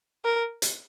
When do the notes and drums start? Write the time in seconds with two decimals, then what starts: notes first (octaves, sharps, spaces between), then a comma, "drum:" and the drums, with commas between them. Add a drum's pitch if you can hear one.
0.25 A#4
0.62 drum: hi-hat